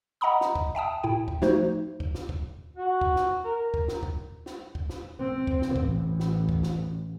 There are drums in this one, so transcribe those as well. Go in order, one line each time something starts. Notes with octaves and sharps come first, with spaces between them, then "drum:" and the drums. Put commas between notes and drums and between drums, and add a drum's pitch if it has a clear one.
D#5 F#5 A#5 B5 D#6
drum: snare
drum: kick
E5 G5 A5 D#6
A2 E4 G5
drum: kick
F3 A3 D#4 F#4 C5, drum: snare
drum: kick
drum: snare
drum: kick
F#4
drum: kick
drum: snare
A#4
drum: kick
drum: snare
drum: kick
drum: snare
drum: kick
drum: snare
C4
drum: kick
drum: snare
A1, drum: kick
drum: snare
drum: kick
drum: snare